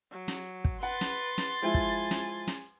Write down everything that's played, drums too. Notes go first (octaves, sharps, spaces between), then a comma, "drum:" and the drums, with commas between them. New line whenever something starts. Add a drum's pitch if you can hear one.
F#3
drum: snare
drum: kick
B4 F#5 C6 A6
drum: snare
drum: snare
F3 G#3 E4 G#5
drum: kick
drum: snare
drum: snare